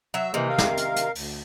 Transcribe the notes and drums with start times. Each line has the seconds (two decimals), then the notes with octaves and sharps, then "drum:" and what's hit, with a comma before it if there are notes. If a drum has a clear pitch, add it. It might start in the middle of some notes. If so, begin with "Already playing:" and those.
0.14 F#3 E5
0.34 C3 D#3 E3 A#3
0.49 A#4 F5
0.58 drum: snare
0.77 drum: hi-hat
0.96 drum: hi-hat
1.15 D2, drum: open hi-hat